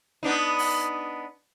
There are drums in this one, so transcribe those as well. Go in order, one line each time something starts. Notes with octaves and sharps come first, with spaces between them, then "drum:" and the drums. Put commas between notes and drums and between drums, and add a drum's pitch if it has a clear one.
B3 D4 D#4
drum: open hi-hat